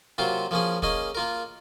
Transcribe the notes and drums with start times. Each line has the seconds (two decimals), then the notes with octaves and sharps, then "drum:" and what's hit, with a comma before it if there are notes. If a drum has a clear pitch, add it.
0.18 C3 F#3 A#3 F4 C5
0.51 F3 A#3 C#4 G#4
0.82 A#3 C#4 G#4 D#5, drum: kick
1.15 A#3 F4 A#4